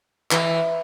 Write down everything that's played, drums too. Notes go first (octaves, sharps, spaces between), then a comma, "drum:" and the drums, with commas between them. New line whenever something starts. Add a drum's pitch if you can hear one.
E3, drum: clap